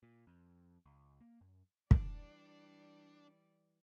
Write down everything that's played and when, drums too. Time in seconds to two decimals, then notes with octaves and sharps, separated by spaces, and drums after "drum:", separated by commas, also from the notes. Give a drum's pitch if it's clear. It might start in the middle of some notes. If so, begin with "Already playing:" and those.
0.03 A#2
0.27 F2
0.86 C#2
1.20 A#3
1.41 F#2
1.91 E3 G3 D4 D5, drum: kick